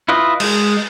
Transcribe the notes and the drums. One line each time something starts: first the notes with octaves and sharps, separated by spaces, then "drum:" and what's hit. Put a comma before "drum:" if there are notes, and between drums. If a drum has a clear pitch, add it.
E4 F4 B4 D#5
G#3, drum: cymbal